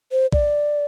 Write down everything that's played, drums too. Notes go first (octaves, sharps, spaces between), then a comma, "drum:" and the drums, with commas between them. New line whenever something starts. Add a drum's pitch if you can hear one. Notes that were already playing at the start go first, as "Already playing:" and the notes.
C5
D5, drum: kick A#1